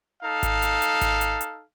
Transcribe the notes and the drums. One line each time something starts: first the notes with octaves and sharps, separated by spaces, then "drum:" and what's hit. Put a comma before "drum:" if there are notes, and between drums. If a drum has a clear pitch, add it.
D#4 A4 F5
drum: kick G#1, hi-hat
drum: hi-hat
drum: hi-hat
drum: kick G#1, hi-hat
drum: hi-hat
drum: hi-hat